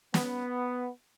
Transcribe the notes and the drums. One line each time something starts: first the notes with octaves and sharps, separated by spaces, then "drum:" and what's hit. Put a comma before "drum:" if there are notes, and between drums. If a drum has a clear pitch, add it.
B3, drum: snare